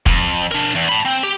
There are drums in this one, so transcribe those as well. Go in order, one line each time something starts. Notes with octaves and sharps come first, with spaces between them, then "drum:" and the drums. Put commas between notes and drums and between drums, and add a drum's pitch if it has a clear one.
F2, drum: kick
D4 A#4
E2
A5 B5
C4
G4